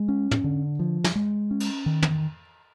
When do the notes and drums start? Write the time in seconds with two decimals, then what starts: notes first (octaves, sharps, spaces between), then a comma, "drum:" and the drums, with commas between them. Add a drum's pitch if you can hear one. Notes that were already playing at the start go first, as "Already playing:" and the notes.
Already playing: G#3
0.09 C#4
0.31 drum: tom
0.44 D3
0.79 F3
1.04 drum: snare
1.15 G#3
1.51 C#4
1.60 drum: cymbal
1.86 D#3
2.02 drum: tom